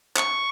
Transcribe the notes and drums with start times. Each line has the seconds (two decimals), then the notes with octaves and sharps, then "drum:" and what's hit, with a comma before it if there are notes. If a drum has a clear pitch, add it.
0.16 C#6, drum: clap